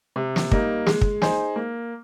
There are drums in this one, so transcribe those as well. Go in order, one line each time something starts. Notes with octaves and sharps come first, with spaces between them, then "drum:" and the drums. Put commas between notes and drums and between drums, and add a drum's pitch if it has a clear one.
C3
drum: snare
G3 A#3 D#4, drum: kick
G#3, drum: snare
drum: kick
D#4 G#4 C5, drum: snare
A#3